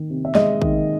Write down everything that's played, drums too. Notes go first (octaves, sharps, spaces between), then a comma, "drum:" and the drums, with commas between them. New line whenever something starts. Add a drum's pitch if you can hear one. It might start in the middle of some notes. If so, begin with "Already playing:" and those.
Already playing: D#3
C3
E5
G#3 D#5, drum: snare
D#3, drum: kick